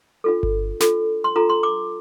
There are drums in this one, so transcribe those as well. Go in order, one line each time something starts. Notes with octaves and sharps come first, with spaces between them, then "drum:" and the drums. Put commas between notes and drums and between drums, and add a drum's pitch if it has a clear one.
D4 F4 A4
drum: kick G1
D4 F4 A4, drum: snare
C6
D4 F4 A4 A#5
C6
D6